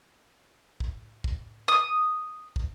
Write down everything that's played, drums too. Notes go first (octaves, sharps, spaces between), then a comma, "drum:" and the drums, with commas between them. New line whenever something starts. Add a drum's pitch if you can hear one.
drum: kick
drum: kick
D#6
drum: kick